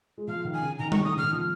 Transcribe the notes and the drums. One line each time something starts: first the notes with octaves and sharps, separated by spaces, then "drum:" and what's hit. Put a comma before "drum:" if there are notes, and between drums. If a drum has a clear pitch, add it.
G#3
F3 F5
D#3
G#5
C#3
D#3 A#5
C#6, drum: tom G3
D#6
C#3 F6
D#3
F3